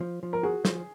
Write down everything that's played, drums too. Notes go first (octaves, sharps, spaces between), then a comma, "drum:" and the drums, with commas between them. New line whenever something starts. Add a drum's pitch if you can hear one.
F3
F3
A#4
F#4 G#4
F3, drum: snare